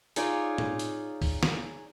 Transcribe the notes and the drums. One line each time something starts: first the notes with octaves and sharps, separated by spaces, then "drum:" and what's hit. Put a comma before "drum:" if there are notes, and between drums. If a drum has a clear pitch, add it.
D#4 F4 G#4 C#5 D5, drum: hi-hat
drum: tom
drum: hi-hat
drum: kick, open hi-hat
drum: snare